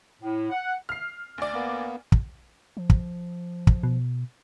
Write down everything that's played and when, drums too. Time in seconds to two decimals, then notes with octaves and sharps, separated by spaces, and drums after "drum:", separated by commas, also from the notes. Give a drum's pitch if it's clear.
0.21 A2
0.50 F#5
0.89 F6 C7
1.38 D2 D5
1.54 A#3 B3
2.12 drum: kick
2.77 F3
2.90 drum: kick
3.67 drum: kick
3.83 B2